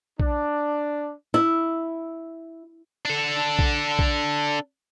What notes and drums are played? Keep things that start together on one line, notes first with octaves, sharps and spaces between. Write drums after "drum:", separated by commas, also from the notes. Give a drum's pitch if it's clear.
D4, drum: kick A#1
E4
D4 A4
drum: kick A#1
drum: kick A#1